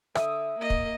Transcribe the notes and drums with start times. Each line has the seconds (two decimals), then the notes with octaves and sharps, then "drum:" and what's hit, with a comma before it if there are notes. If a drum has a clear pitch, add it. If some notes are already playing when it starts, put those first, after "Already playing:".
0.15 D3 E5 D#6, drum: rim click
0.59 A#3 D#5
0.70 drum: kick